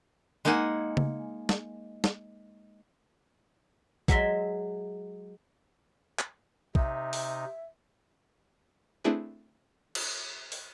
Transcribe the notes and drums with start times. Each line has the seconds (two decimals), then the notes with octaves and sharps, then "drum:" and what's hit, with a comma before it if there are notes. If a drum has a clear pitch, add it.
0.45 G#3 A#3 D#4 G#4 F#5 G#5
0.97 drum: tom C#3
1.49 drum: snare
2.04 drum: snare
4.08 F#3 G#3 E5 C6, drum: kick
6.19 drum: clap
6.75 C3 D#4 E5, drum: kick
7.13 drum: open hi-hat
9.04 A3 C4 D4 E4 G#4 B4
9.95 drum: cymbal
10.52 drum: open hi-hat